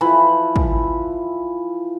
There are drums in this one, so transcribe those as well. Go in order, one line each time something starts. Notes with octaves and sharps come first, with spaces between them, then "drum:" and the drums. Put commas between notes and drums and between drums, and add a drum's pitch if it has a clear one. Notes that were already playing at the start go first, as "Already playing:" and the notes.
E3 F3 B5
drum: kick